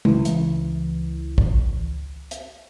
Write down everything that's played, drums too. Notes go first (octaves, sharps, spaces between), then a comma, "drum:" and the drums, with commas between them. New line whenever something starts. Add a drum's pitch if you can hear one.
C#2 E3, drum: tom
drum: hi-hat
drum: kick
drum: hi-hat